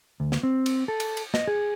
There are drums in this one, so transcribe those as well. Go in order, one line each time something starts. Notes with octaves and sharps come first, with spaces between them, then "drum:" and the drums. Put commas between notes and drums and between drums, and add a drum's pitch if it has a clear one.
D2
drum: snare
C4
drum: cymbal
A4
drum: cymbal
drum: cymbal
D#5, drum: snare
G#4